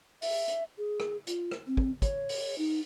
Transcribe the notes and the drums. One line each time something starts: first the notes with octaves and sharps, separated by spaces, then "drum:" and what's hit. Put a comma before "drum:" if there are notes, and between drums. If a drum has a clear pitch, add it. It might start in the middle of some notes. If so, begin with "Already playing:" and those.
E5, drum: open hi-hat
drum: hi-hat
G#4
drum: rim click
F4, drum: hi-hat
drum: rim click
C4
drum: kick
C#5, drum: kick, hi-hat
drum: open hi-hat
D#4